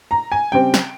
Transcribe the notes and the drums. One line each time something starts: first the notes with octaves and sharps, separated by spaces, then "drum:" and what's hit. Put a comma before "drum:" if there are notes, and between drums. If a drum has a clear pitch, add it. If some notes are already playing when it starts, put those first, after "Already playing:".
A#5
G#5
C#3 G3 C4 G5
drum: snare